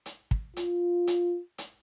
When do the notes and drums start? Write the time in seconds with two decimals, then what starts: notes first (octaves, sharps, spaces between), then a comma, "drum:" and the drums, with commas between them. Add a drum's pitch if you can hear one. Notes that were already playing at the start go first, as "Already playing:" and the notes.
0.06 drum: hi-hat
0.31 drum: kick
0.57 F4, drum: hi-hat
1.07 drum: hi-hat
1.58 drum: hi-hat